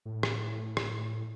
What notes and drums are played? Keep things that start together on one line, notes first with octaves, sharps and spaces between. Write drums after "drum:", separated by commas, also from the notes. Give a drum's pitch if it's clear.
A2
drum: rim click
drum: rim click